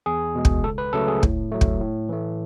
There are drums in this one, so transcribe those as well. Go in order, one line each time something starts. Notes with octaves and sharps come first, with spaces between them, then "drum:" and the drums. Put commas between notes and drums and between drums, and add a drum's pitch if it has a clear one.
E2 G#4
B2 G#3
drum: kick
C#2 A4
B4
C#3 F#3 A3 A4
G#4
A2, drum: kick
F#3 A3
drum: kick
A2
E3 A3